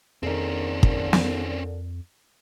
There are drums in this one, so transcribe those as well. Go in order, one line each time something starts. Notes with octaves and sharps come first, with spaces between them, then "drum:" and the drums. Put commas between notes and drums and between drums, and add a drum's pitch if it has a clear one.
F2 A#2 D3 D#3 C4 C#4 G#4
drum: kick
drum: snare